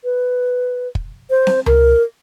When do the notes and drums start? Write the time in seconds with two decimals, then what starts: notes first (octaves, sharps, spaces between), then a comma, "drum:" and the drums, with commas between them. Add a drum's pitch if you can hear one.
0.04 B4
0.95 drum: kick
1.30 C5
1.47 drum: snare C4
1.66 A#4, drum: tom C#2